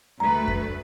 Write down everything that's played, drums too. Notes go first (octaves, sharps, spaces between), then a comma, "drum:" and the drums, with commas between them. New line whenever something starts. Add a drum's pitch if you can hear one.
D2 A3 B4 A#5
drum: kick F2